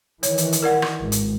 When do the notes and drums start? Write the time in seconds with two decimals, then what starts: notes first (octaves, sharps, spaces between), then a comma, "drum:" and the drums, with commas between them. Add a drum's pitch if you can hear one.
0.23 D#3 E3 C#5, drum: hi-hat
0.38 drum: hi-hat
0.52 drum: hi-hat
0.63 A#4 D5 F#5
0.82 drum: rim click
1.02 G#1
1.12 drum: hi-hat